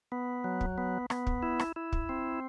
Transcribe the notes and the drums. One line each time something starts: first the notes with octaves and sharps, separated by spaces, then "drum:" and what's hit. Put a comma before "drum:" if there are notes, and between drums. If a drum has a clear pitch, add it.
B3
F#3
drum: kick
B3
B3, drum: rim click
drum: kick
E4
drum: rim click
E4
drum: kick
C4